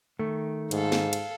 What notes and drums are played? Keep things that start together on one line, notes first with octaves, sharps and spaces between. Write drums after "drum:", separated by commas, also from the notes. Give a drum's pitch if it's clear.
D#3 A3
G#2 A4 F5, drum: cymbal
drum: snare
drum: cymbal